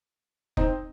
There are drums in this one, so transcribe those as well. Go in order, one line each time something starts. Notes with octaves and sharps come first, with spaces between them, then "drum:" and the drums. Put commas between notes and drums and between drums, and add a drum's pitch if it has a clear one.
C4 D#4, drum: kick F1